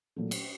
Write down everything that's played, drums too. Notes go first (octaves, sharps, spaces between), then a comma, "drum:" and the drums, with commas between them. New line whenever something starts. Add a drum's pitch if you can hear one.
A#2 F#3 A3
drum: cymbal